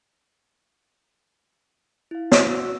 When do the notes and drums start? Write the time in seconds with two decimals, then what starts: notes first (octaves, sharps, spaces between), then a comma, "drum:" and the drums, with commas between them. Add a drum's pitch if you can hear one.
2.11 E4 F5
2.32 drum: snare
2.48 F#4 E6